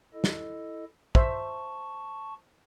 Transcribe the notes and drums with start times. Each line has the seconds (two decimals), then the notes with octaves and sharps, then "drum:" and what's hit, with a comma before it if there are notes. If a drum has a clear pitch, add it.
0.14 E4 A4 D#5
0.24 drum: snare
1.15 C5 E5 A5 C#6, drum: kick